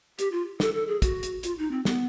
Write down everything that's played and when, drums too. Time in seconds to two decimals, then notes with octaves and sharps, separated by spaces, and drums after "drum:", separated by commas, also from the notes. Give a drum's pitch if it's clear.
0.19 G4, drum: hi-hat
0.32 F4
0.60 A4, drum: snare
0.74 A4
0.88 G#4
1.02 F#4, drum: kick, hi-hat
1.23 drum: hi-hat
1.43 F4, drum: hi-hat
1.58 D#4
1.71 C4
1.85 B3, drum: snare